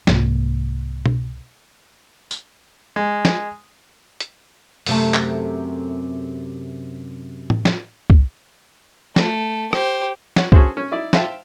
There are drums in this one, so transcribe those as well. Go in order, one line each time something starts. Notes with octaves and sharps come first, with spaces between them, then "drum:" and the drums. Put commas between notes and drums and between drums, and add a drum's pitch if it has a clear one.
C2 F2 G#2 A#3, drum: snare
drum: tom B2
drum: tambourine
G#3
drum: snare
drum: hi-hat
F#2 C3 A3, drum: open hi-hat
drum: clap
drum: tom A2
drum: snare
drum: kick
A3, drum: snare
G4 C5, drum: rim click
C#5 F#5, drum: snare
C#4 F#4 G#4 A4 C5, drum: kick
C#4
D#4 E4 D5
C5 E5 F5 G5 A5, drum: snare